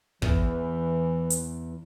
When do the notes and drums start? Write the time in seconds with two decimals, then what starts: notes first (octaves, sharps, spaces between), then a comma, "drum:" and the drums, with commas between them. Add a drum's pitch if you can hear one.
0.22 E2 E3, drum: kick
1.30 drum: hi-hat